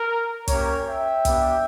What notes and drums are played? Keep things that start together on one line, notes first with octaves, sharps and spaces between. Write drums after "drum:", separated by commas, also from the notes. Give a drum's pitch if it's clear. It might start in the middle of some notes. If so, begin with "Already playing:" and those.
Already playing: A#4
A#3 C#4 G4 A#4 C#5, drum: kick, hi-hat
E5 G5
G3 B3 D4 G4, drum: kick, hi-hat